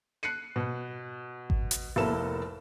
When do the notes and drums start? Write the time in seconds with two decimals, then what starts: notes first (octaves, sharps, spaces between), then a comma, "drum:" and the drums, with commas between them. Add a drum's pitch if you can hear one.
0.23 F#6 C7 C#7 D#7
0.56 B2
1.50 drum: kick G#1
1.71 drum: hi-hat
1.96 F1 A#3 B3 E4 A4 E7